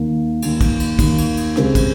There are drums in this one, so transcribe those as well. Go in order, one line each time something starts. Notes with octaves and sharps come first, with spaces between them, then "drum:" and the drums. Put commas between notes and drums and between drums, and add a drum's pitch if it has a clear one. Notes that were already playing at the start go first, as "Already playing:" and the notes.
Already playing: D#2 D#3 A#3
D#2 D#3 A#3, drum: cymbal
drum: kick, cymbal
drum: cymbal
D#2 D#3 A#3, drum: kick, cymbal
drum: cymbal
drum: cymbal
C#2 C#3 G#3 C4 G4, drum: rim click
drum: kick, cymbal